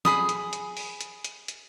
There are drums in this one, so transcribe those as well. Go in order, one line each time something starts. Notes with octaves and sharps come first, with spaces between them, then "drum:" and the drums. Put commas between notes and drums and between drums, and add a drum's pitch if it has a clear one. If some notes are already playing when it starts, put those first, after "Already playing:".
G#4 B5 D#6, drum: snare
drum: hi-hat
drum: hi-hat
drum: open hi-hat
drum: hi-hat
drum: hi-hat
drum: hi-hat